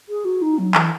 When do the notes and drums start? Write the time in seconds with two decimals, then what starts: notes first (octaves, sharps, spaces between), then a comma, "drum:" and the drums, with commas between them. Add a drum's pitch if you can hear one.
0.09 G#4
0.25 F#4
0.42 D#4
0.59 F#3
0.75 E3, drum: clap